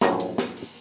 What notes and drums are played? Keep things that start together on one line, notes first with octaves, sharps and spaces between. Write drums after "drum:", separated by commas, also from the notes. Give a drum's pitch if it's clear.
A#1 F#2 A2 A#5, drum: snare
drum: hi-hat
drum: snare
drum: open hi-hat